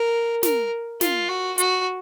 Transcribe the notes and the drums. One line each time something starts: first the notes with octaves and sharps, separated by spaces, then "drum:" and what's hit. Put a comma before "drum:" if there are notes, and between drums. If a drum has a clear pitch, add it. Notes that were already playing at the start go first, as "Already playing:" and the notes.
Already playing: A#4
A#4, drum: snare
F4, drum: snare
F#4
F#4, drum: hi-hat